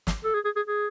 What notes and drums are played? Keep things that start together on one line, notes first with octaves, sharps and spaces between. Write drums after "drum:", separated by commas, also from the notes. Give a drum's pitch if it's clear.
drum: snare
A4
G#4
G#4
G#4
G#4